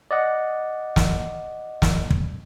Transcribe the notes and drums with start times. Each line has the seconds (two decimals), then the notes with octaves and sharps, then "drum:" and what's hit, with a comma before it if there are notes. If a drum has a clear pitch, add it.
0.11 D5 D#5 F#5
0.96 drum: snare
1.82 drum: snare
2.10 drum: kick